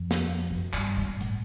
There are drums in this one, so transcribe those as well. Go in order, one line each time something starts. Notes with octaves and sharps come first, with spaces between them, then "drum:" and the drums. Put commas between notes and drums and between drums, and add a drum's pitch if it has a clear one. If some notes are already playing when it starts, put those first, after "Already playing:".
Already playing: F2
drum: snare
F#2
G2, drum: clap
G#2
A2, drum: hi-hat